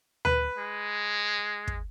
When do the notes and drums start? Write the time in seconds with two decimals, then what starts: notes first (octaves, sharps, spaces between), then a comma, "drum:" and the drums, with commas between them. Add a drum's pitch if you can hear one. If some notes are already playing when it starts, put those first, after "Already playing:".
0.25 B4, drum: tom D2
0.58 G#3
1.67 drum: kick